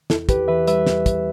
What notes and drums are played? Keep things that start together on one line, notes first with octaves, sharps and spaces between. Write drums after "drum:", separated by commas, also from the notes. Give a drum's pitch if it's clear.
E2 E4 A4, drum: snare
E2 G4 B4, drum: kick, hi-hat
E3 B4 E5
G3 B4 E5, drum: hi-hat
E2, drum: snare
E2, drum: kick, hi-hat